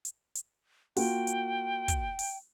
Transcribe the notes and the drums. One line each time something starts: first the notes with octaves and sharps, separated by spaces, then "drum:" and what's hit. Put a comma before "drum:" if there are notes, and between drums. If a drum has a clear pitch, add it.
drum: hi-hat
drum: hi-hat
A#3 F4 F#4 G5, drum: open hi-hat
drum: hi-hat
drum: kick, hi-hat
drum: open hi-hat